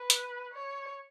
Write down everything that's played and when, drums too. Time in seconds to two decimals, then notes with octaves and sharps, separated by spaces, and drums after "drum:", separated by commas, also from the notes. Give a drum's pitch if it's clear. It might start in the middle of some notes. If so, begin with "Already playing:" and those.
Already playing: B4
0.10 drum: hi-hat
0.54 C#5